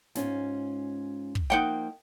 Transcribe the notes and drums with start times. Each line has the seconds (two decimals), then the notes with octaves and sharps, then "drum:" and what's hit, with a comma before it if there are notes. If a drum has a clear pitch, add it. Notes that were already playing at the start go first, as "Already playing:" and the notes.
0.15 G#2 C#4 F4, drum: snare
1.35 drum: kick
1.50 F3 A#3 D#4 F#5 G5